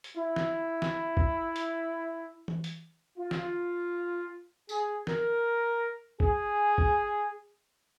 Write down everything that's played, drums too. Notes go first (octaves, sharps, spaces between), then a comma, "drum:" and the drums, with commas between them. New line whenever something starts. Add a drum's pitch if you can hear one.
drum: hi-hat
E4
drum: snare
drum: snare
drum: kick A1
drum: hi-hat
drum: tom E3
drum: hi-hat
F4
drum: snare
G#4, drum: tambourine
A#4, drum: snare
G#4, drum: kick A1
drum: kick A1